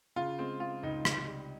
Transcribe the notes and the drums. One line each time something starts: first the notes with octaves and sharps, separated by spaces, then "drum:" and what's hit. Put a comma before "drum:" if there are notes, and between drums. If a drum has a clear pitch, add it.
C#3 F4
G#3 C4
G#3 F4
C#2 D#4
C3, drum: rim click
G3